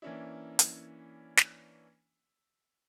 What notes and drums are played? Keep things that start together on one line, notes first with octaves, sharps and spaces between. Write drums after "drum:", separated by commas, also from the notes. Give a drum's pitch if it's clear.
E3 A#3 C#4 D4 E4
drum: hi-hat
drum: snare